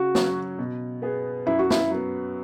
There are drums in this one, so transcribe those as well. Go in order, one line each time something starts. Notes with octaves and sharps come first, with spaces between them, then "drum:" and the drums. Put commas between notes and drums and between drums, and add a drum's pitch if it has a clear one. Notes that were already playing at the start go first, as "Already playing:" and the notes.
Already playing: C#3 F#4
F#3 C#4, drum: snare
B2
B3 G#4
F#2 E4
F#4
E4, drum: snare
F#3 B3